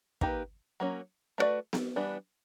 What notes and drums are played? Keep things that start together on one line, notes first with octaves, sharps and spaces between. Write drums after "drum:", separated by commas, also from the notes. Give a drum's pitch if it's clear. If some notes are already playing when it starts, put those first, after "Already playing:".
A#3 D#4 G4 B4, drum: kick
F#3 A#3 C#4
A3 D4 F#4 B4 D5
drum: snare B3
E3 G3 B3 D4